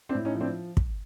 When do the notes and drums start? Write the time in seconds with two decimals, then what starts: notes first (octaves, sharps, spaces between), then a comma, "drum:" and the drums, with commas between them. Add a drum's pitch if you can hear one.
0.09 C4 D4
0.15 A2
0.25 C#4 D#4
0.35 F3
0.41 C4 D4
0.77 drum: kick